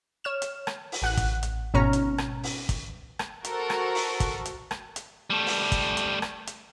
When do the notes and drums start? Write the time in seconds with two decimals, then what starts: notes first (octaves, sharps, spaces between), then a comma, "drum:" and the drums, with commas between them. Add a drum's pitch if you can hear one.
0.24 C#5 F6 E7
0.42 drum: hi-hat
0.67 drum: rim click
0.92 drum: open hi-hat
1.02 A1 F#5 F#6
1.17 drum: kick, hi-hat
1.43 drum: hi-hat
1.74 G#1 B2 C#4 A#5 C#6 F6
1.93 drum: hi-hat
2.18 drum: rim click
2.44 drum: open hi-hat
2.69 drum: kick, hi-hat
3.19 drum: rim click
3.45 F#4 A4 A#4 C5, drum: hi-hat
3.70 drum: rim click
3.95 drum: open hi-hat
4.20 drum: kick, hi-hat
4.45 drum: hi-hat
4.71 drum: rim click
4.96 drum: hi-hat
5.30 G3 A3
5.46 drum: open hi-hat
5.72 drum: kick, hi-hat
5.97 drum: hi-hat
6.22 drum: rim click
6.47 drum: hi-hat